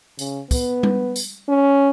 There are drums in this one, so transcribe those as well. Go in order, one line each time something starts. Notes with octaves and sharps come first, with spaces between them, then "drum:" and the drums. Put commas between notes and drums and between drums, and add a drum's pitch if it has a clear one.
C#3, drum: tambourine
B3, drum: kick, tambourine
drum: tom G3
drum: tambourine
C#4